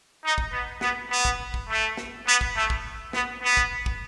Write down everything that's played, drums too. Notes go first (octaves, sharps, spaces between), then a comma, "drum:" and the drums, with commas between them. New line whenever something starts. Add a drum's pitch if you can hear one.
D#4
drum: kick
B3
B3, drum: snare
B3
drum: kick
drum: kick
A3
drum: snare
B3
drum: kick
A3
drum: kick
B3, drum: snare
B3
drum: kick
drum: kick